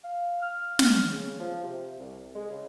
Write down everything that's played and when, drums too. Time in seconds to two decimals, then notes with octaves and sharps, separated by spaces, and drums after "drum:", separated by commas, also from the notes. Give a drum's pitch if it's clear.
0.04 F5
0.42 F6
0.79 drum: snare
1.10 C#3
1.40 F3
1.63 C3
1.99 C2
2.36 G#3
2.51 C#3